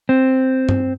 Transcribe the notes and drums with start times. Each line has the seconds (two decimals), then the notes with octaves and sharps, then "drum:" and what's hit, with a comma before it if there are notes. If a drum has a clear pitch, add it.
0.09 C4
0.69 drum: tom G2